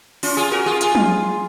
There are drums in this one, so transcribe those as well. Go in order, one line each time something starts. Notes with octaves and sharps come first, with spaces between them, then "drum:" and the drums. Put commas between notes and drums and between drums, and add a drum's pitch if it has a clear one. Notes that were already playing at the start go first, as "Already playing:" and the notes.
C#4 F4, drum: open hi-hat
F4 G#4
F#4 A#4
F4 G#4
F4 G#4, drum: hi-hat
drum: tom